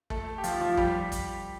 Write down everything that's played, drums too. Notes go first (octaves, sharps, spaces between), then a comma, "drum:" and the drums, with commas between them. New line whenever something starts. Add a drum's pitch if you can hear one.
A3 A4, drum: kick
G4
F3 F4, drum: hi-hat
F3 F4
G3 G4, drum: kick
drum: kick, hi-hat